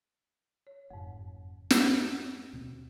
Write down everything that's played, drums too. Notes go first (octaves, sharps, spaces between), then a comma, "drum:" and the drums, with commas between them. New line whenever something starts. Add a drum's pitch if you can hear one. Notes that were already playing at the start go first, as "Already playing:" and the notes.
C#5
F#1 F2 G#2
drum: snare
D#2 B2 C4